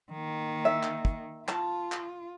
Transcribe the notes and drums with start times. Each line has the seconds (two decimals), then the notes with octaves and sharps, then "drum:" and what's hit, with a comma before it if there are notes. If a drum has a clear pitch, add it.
0.12 D#3 A#3
0.65 E5
0.83 drum: clap
1.05 drum: kick
1.48 F4 A5, drum: clap
1.92 drum: clap